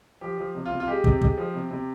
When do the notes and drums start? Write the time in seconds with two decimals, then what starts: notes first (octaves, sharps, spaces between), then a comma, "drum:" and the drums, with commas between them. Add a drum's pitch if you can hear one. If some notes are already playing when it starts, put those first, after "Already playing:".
0.21 F3 G4
0.38 F3
0.55 C3
0.65 F4
0.72 C3
0.80 F4
0.88 G#3 G4
1.04 C3, drum: kick
1.22 G#3, drum: kick
1.38 F3
1.54 C3
1.71 C3